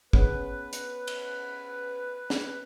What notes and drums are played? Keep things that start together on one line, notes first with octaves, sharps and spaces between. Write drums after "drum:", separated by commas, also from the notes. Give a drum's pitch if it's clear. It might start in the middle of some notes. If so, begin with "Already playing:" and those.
B3 C#4 G#4 B4, drum: kick
drum: hi-hat
drum: cymbal
drum: snare